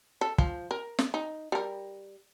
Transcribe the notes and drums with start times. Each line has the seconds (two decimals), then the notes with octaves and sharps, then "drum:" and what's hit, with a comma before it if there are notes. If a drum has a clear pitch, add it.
0.21 A4
0.38 F3, drum: kick
0.71 A#4
0.99 drum: snare
1.14 D#4
1.52 G3 A#4